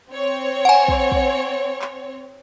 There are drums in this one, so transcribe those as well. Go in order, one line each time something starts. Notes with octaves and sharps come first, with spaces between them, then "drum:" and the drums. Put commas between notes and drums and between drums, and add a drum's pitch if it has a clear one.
C4 C#5
F#5 G#5
drum: kick
drum: kick
drum: clap